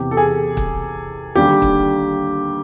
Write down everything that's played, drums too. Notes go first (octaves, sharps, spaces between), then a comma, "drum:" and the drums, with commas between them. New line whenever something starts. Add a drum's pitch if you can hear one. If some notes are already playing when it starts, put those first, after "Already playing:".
Already playing: E2 C3 E3 G4
A4
G#4
drum: kick
D#2 D3 G3 G4
drum: kick